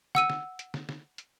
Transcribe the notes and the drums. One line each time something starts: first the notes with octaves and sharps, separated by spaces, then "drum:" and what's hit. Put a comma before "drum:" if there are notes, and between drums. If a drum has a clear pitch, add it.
F#5 E6 D#7, drum: snare
drum: snare
drum: hi-hat
drum: snare
drum: snare
drum: hi-hat